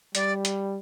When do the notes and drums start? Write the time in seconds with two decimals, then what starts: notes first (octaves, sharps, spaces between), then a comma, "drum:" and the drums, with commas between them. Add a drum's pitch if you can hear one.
0.15 G3 D5, drum: hi-hat
0.45 drum: hi-hat